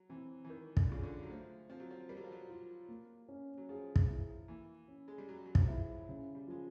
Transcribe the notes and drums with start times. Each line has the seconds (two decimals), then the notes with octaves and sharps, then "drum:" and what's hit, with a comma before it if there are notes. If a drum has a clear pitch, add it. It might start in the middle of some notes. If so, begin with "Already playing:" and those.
Already playing: F#3
0.09 E3 C4
0.45 E3
0.50 D#3 A#4
0.77 D3, drum: kick
0.90 C#3 F4
1.03 D3
1.23 F#3
1.30 F3 A3
1.69 F3 C4
1.80 F#3
1.91 F3
2.09 G3 A#4
2.17 F#3
2.24 F3
2.32 F#3
2.49 F4
2.89 A#3
3.29 C#4
3.58 F#3
3.69 F3 G#4
3.96 drum: kick
4.09 E4
4.48 E3 A#3
4.88 C#4
5.08 G#3
5.18 G3
5.28 F#3 G#4
5.46 F#3
5.55 F3, drum: kick
5.68 E4
6.09 C#3
6.35 G3
6.48 F3 G#3